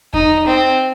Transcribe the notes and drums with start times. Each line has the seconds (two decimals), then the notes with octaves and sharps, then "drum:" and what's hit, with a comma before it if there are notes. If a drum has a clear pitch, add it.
0.13 D#4, drum: kick E2
0.47 C4